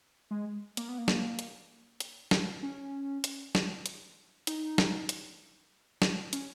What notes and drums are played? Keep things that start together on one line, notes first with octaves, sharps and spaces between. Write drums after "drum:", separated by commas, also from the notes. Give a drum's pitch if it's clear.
G#3
A#3, drum: hi-hat
B3
A#3
drum: snare
drum: hi-hat
drum: hi-hat
drum: snare
C#4
drum: hi-hat
drum: snare
drum: hi-hat
D#4, drum: hi-hat
drum: snare
drum: hi-hat
drum: snare
C#4, drum: hi-hat